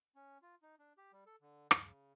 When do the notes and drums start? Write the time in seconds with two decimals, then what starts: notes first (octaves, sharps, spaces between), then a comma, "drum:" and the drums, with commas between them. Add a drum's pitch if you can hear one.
0.15 C#4
0.42 F4
0.63 D#4
0.79 D4
0.98 G4
1.13 G3
1.26 A4
1.42 D3
1.71 D#5, drum: rim click
1.84 C#3